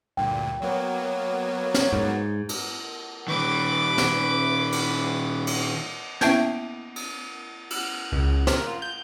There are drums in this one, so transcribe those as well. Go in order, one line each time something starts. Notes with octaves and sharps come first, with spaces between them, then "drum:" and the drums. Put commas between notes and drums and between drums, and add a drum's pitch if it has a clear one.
D2 G2 A#2 G5
F#3 A#3 B3 C#5
drum: snare
G#2
drum: cymbal
A#2 D#3 B4 D6
drum: snare
drum: cymbal
drum: cymbal
A#3 B3 C#4 E4 E5, drum: snare
drum: cymbal
drum: cymbal
C#2
A#4, drum: snare
F4
G6